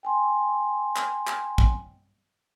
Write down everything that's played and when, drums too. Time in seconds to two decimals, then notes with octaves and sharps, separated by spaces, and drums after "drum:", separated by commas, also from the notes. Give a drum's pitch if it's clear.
0.03 G5 G#5 C6
0.96 drum: clap
1.27 drum: clap
1.58 drum: kick